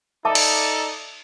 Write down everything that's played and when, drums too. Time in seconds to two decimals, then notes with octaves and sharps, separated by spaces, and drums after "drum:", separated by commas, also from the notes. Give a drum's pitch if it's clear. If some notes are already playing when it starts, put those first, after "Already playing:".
0.25 D#4 A4 D5 E5 A5 D6
0.35 drum: cymbal